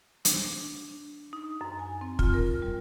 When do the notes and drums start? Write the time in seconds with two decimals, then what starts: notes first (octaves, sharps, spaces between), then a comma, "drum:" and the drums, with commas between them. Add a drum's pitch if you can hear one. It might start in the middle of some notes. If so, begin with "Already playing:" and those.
0.25 D4, drum: hi-hat
1.33 D#4
1.61 F#2
1.79 G#5
2.01 C4
2.19 F4, drum: kick
2.34 A#4
2.62 G3